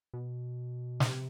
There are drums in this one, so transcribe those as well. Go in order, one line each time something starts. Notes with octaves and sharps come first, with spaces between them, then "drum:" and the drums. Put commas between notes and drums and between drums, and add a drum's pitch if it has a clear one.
B2
C#3, drum: snare
C3